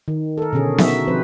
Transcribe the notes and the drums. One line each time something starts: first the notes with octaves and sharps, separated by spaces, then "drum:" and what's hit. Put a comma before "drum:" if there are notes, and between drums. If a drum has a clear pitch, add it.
D#3
A4 A#4
B2 D3 C#4 G#4
D#4 F#4 E5, drum: snare B3
F3 C4 B4 C5